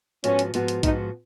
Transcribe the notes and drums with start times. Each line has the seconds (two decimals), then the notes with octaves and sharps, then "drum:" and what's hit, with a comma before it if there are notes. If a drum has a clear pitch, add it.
0.24 G#2 F3 B3 C#4 F#4, drum: hi-hat
0.39 drum: hi-hat
0.54 G#2 F3 B3 F#4, drum: hi-hat
0.68 drum: hi-hat
0.83 G#2 F3 B3 D#4 F#4, drum: kick A#1, hi-hat